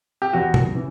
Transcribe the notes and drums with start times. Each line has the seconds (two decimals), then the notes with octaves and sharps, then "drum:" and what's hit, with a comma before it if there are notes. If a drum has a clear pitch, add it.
0.22 G4
0.33 E2 F#4
0.54 drum: tom
0.74 C#3 E3